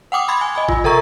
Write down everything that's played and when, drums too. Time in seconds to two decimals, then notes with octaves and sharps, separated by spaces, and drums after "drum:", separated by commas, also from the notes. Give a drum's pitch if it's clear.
0.12 F#5 G5 D6 D#6
0.28 B5 C6 G#6
0.41 G#5
0.55 D#5 G#5 B5
0.69 F4, drum: kick G1
0.84 A4 A#4 E5 A#5 C#6, drum: tom